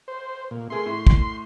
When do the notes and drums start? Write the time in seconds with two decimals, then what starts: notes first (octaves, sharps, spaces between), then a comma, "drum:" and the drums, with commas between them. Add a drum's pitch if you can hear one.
0.08 C5
0.51 A#2
0.70 A3 G#4 A#4 C6
0.86 A2
1.07 drum: kick